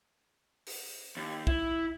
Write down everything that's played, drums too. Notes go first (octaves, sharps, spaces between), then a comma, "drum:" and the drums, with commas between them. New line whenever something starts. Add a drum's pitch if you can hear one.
drum: open hi-hat
D#2
E4, drum: kick